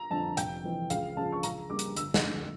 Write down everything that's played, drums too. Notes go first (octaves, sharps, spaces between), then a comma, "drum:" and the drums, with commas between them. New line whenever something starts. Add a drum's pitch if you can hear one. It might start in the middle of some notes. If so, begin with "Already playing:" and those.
Already playing: A#5
F2 D3 A5
F1 G5, drum: hi-hat
F2 E3
C#2 F5, drum: hi-hat
C#3 F3 A5
C#6
C#2 A#5, drum: hi-hat
C#3 G3 A#3 D6
drum: hi-hat
G1 E6, drum: hi-hat
drum: snare
F2 D3 A3